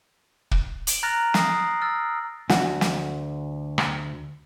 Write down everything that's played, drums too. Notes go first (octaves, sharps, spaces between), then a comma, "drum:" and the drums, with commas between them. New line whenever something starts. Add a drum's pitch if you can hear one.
drum: kick
D7 F#7, drum: hi-hat
A#5 F6 F#6 A6 A#6
D#6 A#6 C7, drum: snare
E6 F6 A6
D2 F#4 F#5, drum: snare
drum: snare
drum: rim click